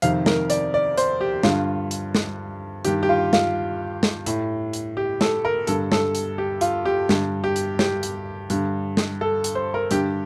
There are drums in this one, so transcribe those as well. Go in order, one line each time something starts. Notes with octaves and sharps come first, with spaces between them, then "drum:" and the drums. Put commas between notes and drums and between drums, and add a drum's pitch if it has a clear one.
F2 C3 D#3 F5, drum: hi-hat
A#4, drum: snare
D5, drum: hi-hat
D5
C5, drum: hi-hat
G4
G2 D3 F4, drum: snare
drum: hi-hat
drum: snare
G2 D#3 G4, drum: hi-hat
G4
F4
F4, drum: snare
drum: snare
A2, drum: hi-hat
drum: hi-hat
G4
A4, drum: snare
A#4
G2 D3 A4, drum: hi-hat
A4, drum: snare
drum: hi-hat
G4
F4, drum: hi-hat
G4
G2 D3, drum: snare
G4
drum: hi-hat
G4, drum: snare
drum: hi-hat
G2 D3, drum: hi-hat
drum: snare
A4
drum: hi-hat
C5
A#4
G2 D3 G4, drum: hi-hat